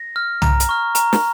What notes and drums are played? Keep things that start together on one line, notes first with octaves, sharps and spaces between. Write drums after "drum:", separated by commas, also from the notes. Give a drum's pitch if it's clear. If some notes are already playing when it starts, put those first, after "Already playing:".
Already playing: A#6
F6
A#5, drum: tom
drum: hi-hat
C#6 F6
A#5, drum: hi-hat
drum: snare